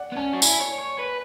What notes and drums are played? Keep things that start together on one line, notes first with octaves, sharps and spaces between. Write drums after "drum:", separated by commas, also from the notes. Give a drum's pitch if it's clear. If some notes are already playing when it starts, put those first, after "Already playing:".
Already playing: D5 F#5
B3
C#4 A5
F#4
E4 G#5, drum: tambourine
C#5
C#5
B4